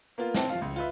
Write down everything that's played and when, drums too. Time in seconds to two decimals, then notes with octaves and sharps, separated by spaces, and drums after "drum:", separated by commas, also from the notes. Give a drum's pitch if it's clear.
0.18 A#3 B3 F4
0.34 C4 A5, drum: snare
0.50 F3 F5
0.62 C#2
0.76 F4 B4 E5